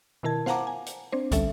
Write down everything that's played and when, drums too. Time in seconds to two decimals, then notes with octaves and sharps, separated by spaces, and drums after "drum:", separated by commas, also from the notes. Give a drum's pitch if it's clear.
0.23 B2 D#3 E4 A#4 A5 G#6
0.46 C5 F5 F#5 A5 A#5 D6, drum: snare
0.67 G#5
0.86 drum: hi-hat
1.12 C4 D4 C5
1.31 A1 D3 G3 C#4 A4 E5, drum: kick, hi-hat